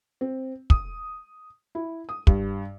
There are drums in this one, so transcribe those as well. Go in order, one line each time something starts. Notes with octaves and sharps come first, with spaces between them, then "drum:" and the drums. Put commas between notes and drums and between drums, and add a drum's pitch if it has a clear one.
C4
D#6, drum: kick
E4
D#6
G2, drum: kick